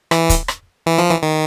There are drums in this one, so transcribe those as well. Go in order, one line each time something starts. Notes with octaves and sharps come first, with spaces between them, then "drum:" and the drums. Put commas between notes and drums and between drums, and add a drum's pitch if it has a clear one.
E3, drum: rim click
drum: kick, hi-hat
drum: rim click
E3
F3
E3
D#3